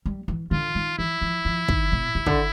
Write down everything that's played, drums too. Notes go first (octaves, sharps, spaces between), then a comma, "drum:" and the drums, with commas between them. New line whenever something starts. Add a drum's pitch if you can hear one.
G3
E3
D3 F4
D#3
E3 E4
F3
F3
D#3, drum: kick
B2
C3
D3, drum: kick